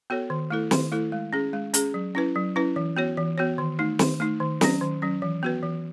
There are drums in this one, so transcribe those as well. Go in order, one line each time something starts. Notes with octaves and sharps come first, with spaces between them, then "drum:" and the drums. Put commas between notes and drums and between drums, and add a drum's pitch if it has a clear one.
B3 F#4 A4 C#5
D#3
A3 E4 A4
D#3, drum: snare
A3 E4 A4
G#3
C#4 G#4
G#3
C#4 G#4, drum: hi-hat
F#3
C#4 E4 B4
F#3
C#4 E4 B4
E3
B3 F#4 C#5
E3
B3 F#4 C#5
D#3
A3 D#4
D#3, drum: snare
A3 D#4
D#3
F#3 C#4, drum: snare
D#3
F#3 C#4
E3
B3 F#4 B4
E3